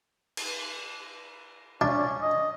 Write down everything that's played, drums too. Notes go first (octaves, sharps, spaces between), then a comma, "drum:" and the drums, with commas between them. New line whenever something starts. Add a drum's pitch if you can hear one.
drum: cymbal
C#4 D4
D#5